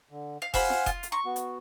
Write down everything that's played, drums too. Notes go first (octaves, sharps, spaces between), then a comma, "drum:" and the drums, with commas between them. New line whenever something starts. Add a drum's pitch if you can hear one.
D3
F5
C5 F5 F#5 G#5 B5, drum: kick F1, open hi-hat
drum: snare
F4, drum: kick F1, hi-hat
drum: hi-hat
A#5 C6 C#6
B3 F#4
drum: hi-hat